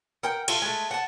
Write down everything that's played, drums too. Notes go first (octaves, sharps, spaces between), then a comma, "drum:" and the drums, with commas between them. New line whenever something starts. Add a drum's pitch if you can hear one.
A#4 F#5 G5
A3 F4, drum: cymbal
G#3 A3
F#5 A5